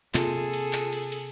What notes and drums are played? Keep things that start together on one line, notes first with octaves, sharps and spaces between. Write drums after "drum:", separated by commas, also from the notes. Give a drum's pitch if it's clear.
C3 A#3 F4 G#4 A4, drum: clap
drum: cymbal
drum: clap
drum: cymbal
drum: cymbal